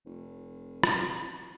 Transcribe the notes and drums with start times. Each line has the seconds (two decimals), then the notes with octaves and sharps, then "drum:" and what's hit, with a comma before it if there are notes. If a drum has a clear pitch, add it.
0.06 F1
0.84 drum: rim click